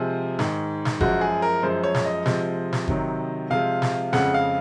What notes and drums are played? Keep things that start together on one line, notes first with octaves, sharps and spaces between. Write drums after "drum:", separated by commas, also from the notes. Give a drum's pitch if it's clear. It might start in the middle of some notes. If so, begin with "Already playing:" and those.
Already playing: C3 F3 G#3 G#4
G#2 D#3 G#3, drum: snare
drum: snare
F#2 F3 G#3 F#4, drum: kick G1
G#4
A#4
F#2 F3 G#3 C5
C#5
drum: snare
D#5
C3 F3 G#3, drum: snare
drum: snare
C3 D#3 F#3, drum: kick G1
C3 F3 G#3 F5
drum: snare
F2 C#3 G#3 F#5, drum: snare
F5